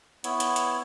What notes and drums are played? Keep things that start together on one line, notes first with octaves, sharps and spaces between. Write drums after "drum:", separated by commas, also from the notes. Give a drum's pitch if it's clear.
B3 E4 C#5, drum: hi-hat
drum: hi-hat
drum: hi-hat